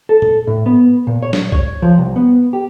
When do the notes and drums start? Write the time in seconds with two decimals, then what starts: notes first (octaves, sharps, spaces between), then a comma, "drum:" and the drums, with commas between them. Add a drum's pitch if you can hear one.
0.09 A4
0.22 drum: tom A#2
0.47 A2
0.66 B3
1.07 A#2
1.23 C#5
1.33 drum: snare
1.52 C#5, drum: kick B1
1.82 F3
1.98 C2
2.16 B3
2.53 G4